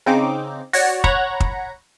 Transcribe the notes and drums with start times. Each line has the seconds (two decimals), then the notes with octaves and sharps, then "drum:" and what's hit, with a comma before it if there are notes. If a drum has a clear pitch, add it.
0.06 C#3 C4 D#4 D6
0.73 F#4 C#5 D5, drum: open hi-hat
1.04 C#5 F#5 A#5 B5 C#6, drum: kick
1.40 drum: kick